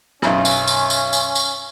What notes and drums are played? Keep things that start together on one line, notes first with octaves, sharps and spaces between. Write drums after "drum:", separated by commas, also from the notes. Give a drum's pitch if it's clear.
B1 F#2 C#4, drum: rim click
drum: tambourine
drum: tambourine
drum: tambourine
drum: tambourine
drum: tambourine